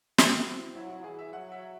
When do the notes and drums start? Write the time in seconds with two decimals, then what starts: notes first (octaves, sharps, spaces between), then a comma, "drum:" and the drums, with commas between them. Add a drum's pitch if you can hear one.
0.18 C4 F#4, drum: snare
0.37 F#4
0.47 C4
0.56 E4
0.75 F#3 E4
0.90 E4
1.04 E3 G#4
1.19 E5
1.32 F#3 F#5
1.52 E5